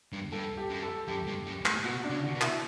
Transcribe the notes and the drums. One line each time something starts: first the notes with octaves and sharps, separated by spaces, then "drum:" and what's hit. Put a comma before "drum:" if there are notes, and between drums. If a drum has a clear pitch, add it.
G2
G2 A4
G4
F#2
A4
F#2 G4
G2
F#2
A2, drum: clap
B2 F#4
D4
C#3
F#4
B2
E4, drum: clap